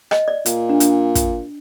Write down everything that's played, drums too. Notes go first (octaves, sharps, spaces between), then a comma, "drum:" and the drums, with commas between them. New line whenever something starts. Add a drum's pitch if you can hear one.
D#5, drum: rim click
D5
A#2, drum: hi-hat
D4
D4, drum: hi-hat
drum: kick, hi-hat